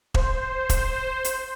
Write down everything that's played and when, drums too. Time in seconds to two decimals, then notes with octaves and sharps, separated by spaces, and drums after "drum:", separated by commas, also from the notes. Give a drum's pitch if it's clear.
0.14 C5, drum: kick E1
0.69 drum: kick E1, hi-hat
1.24 drum: hi-hat